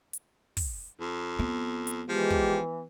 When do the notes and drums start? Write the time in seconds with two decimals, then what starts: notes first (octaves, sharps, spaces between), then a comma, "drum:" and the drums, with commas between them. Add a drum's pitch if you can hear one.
0.13 drum: hi-hat
0.57 drum: kick, open hi-hat
1.00 F2
1.39 B3
1.87 drum: hi-hat
2.09 E3 F3 G#3 G4
2.30 drum: kick